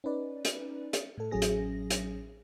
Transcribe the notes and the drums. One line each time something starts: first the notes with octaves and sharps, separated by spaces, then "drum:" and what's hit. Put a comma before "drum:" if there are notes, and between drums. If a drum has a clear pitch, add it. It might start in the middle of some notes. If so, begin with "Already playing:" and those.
C#4 D#4 B4 D5
drum: hi-hat
drum: hi-hat
A2 A4
A1 F#3 C#4 G#4 A#6
drum: hi-hat
drum: hi-hat